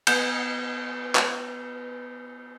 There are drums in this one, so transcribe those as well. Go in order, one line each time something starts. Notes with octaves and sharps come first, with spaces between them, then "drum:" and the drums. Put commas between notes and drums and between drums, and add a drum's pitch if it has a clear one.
B3 G6, drum: cymbal
drum: clap